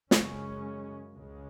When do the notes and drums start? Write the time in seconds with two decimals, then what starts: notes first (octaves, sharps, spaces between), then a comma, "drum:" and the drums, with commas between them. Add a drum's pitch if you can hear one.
0.11 F#2 C#3 G#3 C#4, drum: snare
1.12 C#2 C#3 G#3